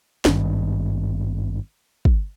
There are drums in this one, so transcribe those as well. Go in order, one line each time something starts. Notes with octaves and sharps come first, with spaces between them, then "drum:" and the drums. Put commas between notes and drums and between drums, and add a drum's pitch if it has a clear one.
G#1 G2 D#3, drum: snare
drum: kick